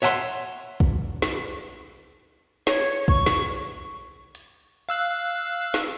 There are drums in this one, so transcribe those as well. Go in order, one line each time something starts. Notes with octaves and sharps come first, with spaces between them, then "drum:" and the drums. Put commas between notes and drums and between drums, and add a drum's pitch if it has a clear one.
C#5 E5 F#5 G#5 C6
drum: kick
drum: snare
C#5, drum: snare
C#6, drum: kick
drum: snare
drum: hi-hat
F5 E6 F#6
drum: snare